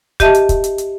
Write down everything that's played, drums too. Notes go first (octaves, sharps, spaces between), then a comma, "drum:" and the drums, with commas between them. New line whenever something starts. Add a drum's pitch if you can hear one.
G4 D#5 E5 A5, drum: kick, hi-hat
drum: hi-hat
drum: kick, hi-hat
drum: hi-hat
drum: hi-hat